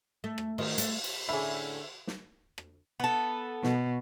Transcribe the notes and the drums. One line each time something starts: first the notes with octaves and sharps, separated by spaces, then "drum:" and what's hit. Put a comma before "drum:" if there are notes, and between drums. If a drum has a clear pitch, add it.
A3
drum: rim click
D#3, drum: cymbal
A3, drum: hi-hat
drum: cymbal
A2 D3 C#4 G#4 E5 B5
drum: snare
drum: rim click
B3 A4
B2, drum: snare